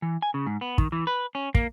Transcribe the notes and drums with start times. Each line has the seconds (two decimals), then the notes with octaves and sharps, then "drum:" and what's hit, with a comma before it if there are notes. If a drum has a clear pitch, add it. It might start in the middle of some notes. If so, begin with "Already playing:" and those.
0.02 E3
0.22 G#5
0.34 C#3
0.47 G#2
0.61 B3
0.78 D#3, drum: kick
0.92 E3
1.07 B4
1.35 C#4
1.55 A#3, drum: kick